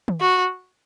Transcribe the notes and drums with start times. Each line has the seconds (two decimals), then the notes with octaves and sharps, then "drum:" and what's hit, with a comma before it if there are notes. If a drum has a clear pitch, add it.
0.08 drum: tom
0.21 F#4